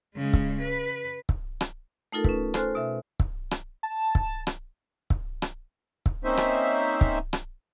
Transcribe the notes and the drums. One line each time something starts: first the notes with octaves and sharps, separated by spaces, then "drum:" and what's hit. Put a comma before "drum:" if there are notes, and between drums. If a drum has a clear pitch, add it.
C#3 G#3
drum: kick C#1
B4
drum: kick C#1
drum: rim click
A3 D#4 F4 A4 A#4
C#4 B4, drum: kick C#1
A4 C5 G#5 C6 F6 F#6, drum: rim click
B2 E5
drum: kick C#1
drum: rim click
A5
drum: kick C#1
drum: rim click
drum: kick C#1
drum: rim click
drum: kick C#1
A#3 C4 C#4 D#4 C5 E5
drum: rim click
drum: kick C#1
drum: rim click